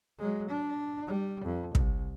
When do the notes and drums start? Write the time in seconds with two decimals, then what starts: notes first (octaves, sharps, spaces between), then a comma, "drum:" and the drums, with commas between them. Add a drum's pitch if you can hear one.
0.19 F#3 G#3
0.49 D4
1.07 G3
1.44 F2
1.75 C2, drum: kick